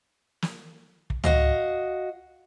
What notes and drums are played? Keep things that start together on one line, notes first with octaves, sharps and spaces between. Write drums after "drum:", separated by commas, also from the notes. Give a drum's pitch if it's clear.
drum: snare
drum: kick
F#4 D#5 F5, drum: tom C#2